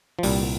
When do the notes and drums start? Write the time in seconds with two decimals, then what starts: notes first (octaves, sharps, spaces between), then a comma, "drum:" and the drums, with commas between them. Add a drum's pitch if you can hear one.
0.19 F3
0.23 C2 A#2 G3, drum: open hi-hat